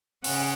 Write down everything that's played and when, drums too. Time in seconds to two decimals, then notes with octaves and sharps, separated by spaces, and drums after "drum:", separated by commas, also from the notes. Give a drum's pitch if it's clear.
0.24 C#3 F#5, drum: open hi-hat